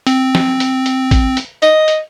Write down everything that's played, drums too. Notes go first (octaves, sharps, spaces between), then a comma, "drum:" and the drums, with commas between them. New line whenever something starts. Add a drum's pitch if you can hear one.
C4, drum: hi-hat
drum: snare
drum: hi-hat
drum: hi-hat
drum: kick A1, hi-hat
drum: hi-hat
D#5, drum: hi-hat
drum: hi-hat